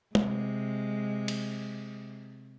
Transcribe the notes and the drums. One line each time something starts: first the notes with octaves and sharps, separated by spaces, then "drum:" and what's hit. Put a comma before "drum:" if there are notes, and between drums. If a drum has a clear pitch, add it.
C3 G#3, drum: tom
drum: cymbal